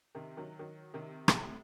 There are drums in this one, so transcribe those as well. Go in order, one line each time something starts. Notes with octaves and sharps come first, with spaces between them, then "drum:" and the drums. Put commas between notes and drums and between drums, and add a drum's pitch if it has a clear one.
C3 D#3
D#3 F#3
D#3 F#3
C3 D#3
A2 C3, drum: rim click